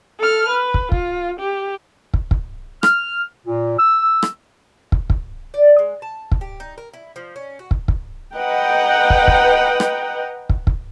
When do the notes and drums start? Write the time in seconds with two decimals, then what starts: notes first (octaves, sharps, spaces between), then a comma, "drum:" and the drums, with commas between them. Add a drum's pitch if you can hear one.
0.19 A4 F6
0.48 B4
0.74 drum: kick
0.92 F4, drum: kick
1.40 G4
2.14 drum: kick
2.31 drum: kick
2.83 F6, drum: rim click
3.45 A#2
3.78 E6
4.23 drum: rim click
4.92 drum: kick
5.10 drum: kick
5.54 D5
5.79 G#3
6.02 A5
6.32 drum: kick
6.41 G4
6.60 D#4
6.78 A#4
6.94 E4
7.16 F3
7.36 C#4
7.59 F#4
7.71 drum: kick
7.88 drum: kick
8.35 B4 D#5 F#5 G5 A#5
9.10 drum: kick
9.28 drum: kick
9.80 drum: rim click
10.50 drum: kick
10.67 drum: kick